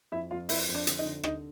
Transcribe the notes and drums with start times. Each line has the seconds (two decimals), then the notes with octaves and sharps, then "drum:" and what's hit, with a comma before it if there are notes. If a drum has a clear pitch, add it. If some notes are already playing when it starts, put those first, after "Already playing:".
0.12 F2 E4 E5
0.31 F2 F4 F5
0.49 F2 E4 E5, drum: open hi-hat
0.69 F2
0.75 D4 D5
0.87 D3, drum: hi-hat
0.99 D#4 D#5
1.06 D3
1.23 D3 D#4 D#5, drum: rim click